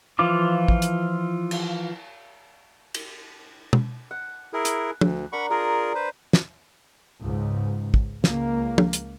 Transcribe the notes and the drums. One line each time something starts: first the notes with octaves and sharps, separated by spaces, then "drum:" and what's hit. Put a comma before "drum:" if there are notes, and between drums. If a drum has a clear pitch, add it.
E3 F3 F4 D6
drum: kick
drum: hi-hat
drum: cymbal
drum: cymbal
drum: tom
F#5
E4 G#4 A#4
drum: hi-hat
D2, drum: tom
D4 A#4 F#5 B5 C#6
F4 G#4 A#4 A#5
B4 C5
drum: snare
C#2 G#2
drum: kick
C#2 A#3, drum: snare
drum: tom
drum: hi-hat